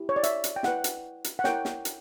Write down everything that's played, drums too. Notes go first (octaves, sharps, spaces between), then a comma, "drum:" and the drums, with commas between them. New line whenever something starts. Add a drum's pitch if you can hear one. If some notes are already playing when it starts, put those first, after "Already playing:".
Already playing: E4 G4
C#5
D5
E5, drum: hi-hat
drum: hi-hat
G5
E4 B4 F#5, drum: snare
drum: hi-hat
drum: hi-hat
F#5
E4 A#4 C#5 G5, drum: snare
drum: snare
drum: hi-hat